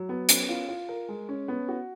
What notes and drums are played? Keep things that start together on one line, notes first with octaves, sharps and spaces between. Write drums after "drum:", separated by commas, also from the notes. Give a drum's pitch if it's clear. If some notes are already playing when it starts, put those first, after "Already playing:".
Already playing: F#3
B3
C#4, drum: hi-hat
F4
F4
A#4
G#3
C#4
B3
F#4